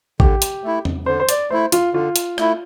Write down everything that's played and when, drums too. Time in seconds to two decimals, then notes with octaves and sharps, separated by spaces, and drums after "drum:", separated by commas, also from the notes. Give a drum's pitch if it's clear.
0.20 D3 G4, drum: kick
0.42 drum: hi-hat
0.64 A3 E4
0.85 drum: tom
1.06 D3 C5
1.20 C5
1.29 D5, drum: hi-hat
1.50 A3 E4 C5
1.72 F4, drum: hi-hat
1.94 D3 F4
2.16 drum: hi-hat
2.38 A3 E4, drum: rim click